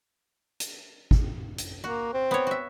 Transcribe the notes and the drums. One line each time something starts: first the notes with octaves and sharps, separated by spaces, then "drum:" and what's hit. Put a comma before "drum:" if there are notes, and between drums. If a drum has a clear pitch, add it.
drum: hi-hat
drum: kick
drum: hi-hat
A#3 F#4
C4
B3 C#5
F#4 E5